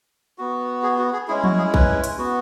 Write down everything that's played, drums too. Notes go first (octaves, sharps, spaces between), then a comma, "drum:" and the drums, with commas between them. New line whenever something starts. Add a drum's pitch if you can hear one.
B3 F#4
G#4
F#4
G#4
G#3 C#4 E4 G#4
F#4, drum: tom F3
G#4
B4, drum: kick A#1
drum: hi-hat
B3 F#4